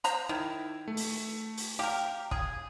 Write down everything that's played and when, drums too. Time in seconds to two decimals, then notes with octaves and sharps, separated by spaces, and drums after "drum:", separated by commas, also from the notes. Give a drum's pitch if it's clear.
0.04 C5 A#5 B5, drum: hi-hat
0.29 D#3 E4
0.88 A3
0.97 drum: open hi-hat
1.58 drum: open hi-hat
1.79 G4 A#4 F5 G5
2.31 G#4, drum: kick